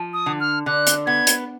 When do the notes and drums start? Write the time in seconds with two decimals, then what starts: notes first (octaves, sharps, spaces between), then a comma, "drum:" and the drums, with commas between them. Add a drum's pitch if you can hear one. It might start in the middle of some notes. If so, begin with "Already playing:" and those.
Already playing: F3
0.14 D#6
0.26 D3
0.40 F6
0.66 D3 F#6
0.87 drum: hi-hat
1.07 B3 G#6
1.27 drum: hi-hat